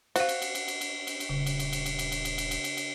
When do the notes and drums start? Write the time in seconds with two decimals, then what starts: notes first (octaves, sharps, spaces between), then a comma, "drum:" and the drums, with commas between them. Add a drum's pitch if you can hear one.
0.16 F#4 C5 F5, drum: cymbal
0.29 drum: cymbal
0.42 drum: cymbal
0.55 drum: cymbal
0.68 drum: cymbal
0.81 drum: cymbal
1.07 drum: cymbal
1.20 drum: cymbal
1.29 D#1 C#3
1.46 drum: cymbal
1.60 drum: cymbal
1.73 drum: cymbal
1.86 drum: cymbal
1.99 drum: cymbal
2.12 drum: cymbal
2.25 drum: cymbal
2.38 drum: cymbal
2.51 drum: cymbal
2.64 drum: cymbal
2.77 drum: cymbal